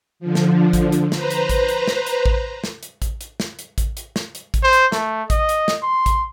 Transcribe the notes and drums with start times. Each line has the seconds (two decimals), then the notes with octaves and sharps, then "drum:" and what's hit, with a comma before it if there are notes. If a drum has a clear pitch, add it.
0.20 D3 F3
0.35 drum: snare
0.73 drum: kick A1, hi-hat
0.92 drum: hi-hat
1.12 B4 C5 A#5, drum: snare
1.30 drum: hi-hat
1.49 drum: kick A1, hi-hat
1.68 drum: hi-hat
1.87 drum: snare
2.07 drum: hi-hat
2.26 drum: kick A1
2.64 drum: snare
2.83 drum: hi-hat
3.02 drum: kick A1, hi-hat
3.21 drum: hi-hat
3.40 drum: snare
3.59 drum: hi-hat
3.78 drum: kick A1, hi-hat
3.97 drum: hi-hat
4.16 drum: snare
4.35 drum: hi-hat
4.54 drum: kick A1, hi-hat
4.63 C5
4.73 drum: hi-hat
4.92 A3, drum: snare
5.30 D#5, drum: kick A1, hi-hat
5.49 drum: hi-hat
5.68 drum: snare
5.83 C6
6.06 drum: kick A1, hi-hat